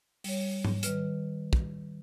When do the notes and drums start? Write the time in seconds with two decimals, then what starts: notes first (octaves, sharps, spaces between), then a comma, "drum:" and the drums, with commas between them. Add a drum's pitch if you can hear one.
0.24 G3 C#5, drum: open hi-hat
0.65 drum: tom G#2
0.83 D#3 G3 B4 F6, drum: hi-hat
1.53 drum: kick